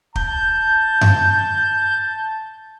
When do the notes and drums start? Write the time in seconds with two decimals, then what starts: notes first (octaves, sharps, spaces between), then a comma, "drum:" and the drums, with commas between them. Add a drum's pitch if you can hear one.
0.16 A5 G6, drum: kick
1.01 drum: tom F#2